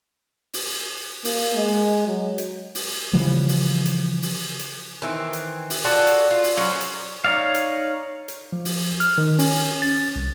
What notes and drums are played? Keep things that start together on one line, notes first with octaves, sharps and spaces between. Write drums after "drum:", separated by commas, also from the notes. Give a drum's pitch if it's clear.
drum: open hi-hat
A#3, drum: open hi-hat
G#3
F#3
drum: hi-hat
drum: open hi-hat
C#3 E3 F3 G3
drum: open hi-hat
drum: hi-hat
drum: open hi-hat
drum: hi-hat
D#3 E3 C4
drum: hi-hat
drum: open hi-hat
F4 F#4 A4 D5
drum: hi-hat
F4
drum: open hi-hat
F#3 C#4 C5
drum: hi-hat
D#4 C#5 D5 F5
drum: hi-hat
drum: hi-hat
F3
drum: open hi-hat
F6, drum: hi-hat
D#3
C#4, drum: open hi-hat
A6
C2